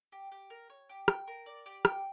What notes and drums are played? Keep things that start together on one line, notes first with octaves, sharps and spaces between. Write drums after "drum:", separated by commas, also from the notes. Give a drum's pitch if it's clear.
G4
G4
A#4
C#5
G4
G5, drum: rim click
A#4
D5
G4
G5, drum: rim click